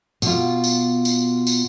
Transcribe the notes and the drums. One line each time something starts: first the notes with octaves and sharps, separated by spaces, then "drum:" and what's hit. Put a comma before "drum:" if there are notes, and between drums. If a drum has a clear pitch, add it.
B2 F4, drum: tambourine
drum: tambourine
drum: tambourine
drum: tambourine